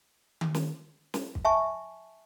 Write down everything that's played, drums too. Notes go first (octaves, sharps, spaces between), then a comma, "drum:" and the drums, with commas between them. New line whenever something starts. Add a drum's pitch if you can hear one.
drum: tom D#3
drum: snare
drum: snare
drum: kick
E5 G#5 A5 C#6